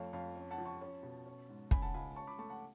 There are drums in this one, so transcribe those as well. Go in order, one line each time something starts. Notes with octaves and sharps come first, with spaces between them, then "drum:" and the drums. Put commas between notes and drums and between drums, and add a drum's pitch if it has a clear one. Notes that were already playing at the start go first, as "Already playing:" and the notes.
Already playing: F2 A3 C#5 F5
F2 C#5 F5
C#4
F#5 A5
F3
A5 C#6
C#4
B2
C#4
G#2
C#3 G#5 B5, drum: kick
F#5 A5
C#2 G#5 B5
C#4 A5 C#6
B5 D6
A3 A5 C#6
F#5 A5